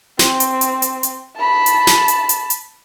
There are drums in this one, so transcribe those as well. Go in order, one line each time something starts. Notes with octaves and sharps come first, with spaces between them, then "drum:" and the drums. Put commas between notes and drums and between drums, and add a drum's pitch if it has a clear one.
C4, drum: snare
drum: hi-hat
drum: hi-hat
drum: hi-hat
drum: hi-hat
A5 B5
drum: hi-hat
drum: snare
drum: hi-hat
drum: hi-hat
drum: hi-hat